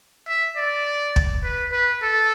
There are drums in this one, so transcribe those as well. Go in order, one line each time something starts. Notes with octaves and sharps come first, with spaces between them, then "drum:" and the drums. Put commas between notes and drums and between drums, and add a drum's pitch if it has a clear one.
E5
D5
drum: kick
B4
B4
A4